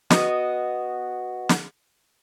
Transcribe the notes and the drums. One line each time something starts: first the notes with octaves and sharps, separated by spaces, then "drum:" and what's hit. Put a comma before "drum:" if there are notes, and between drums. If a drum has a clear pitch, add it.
B3 F#4 D#5, drum: snare
drum: snare